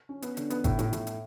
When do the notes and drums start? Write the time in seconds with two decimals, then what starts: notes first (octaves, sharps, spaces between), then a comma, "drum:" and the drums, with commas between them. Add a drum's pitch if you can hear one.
0.09 C#4
0.22 B3, drum: hi-hat
0.37 D3, drum: hi-hat
0.50 B3, drum: hi-hat
0.64 A2, drum: kick, hi-hat
0.79 A2, drum: hi-hat
0.93 A2, drum: hi-hat
1.07 drum: hi-hat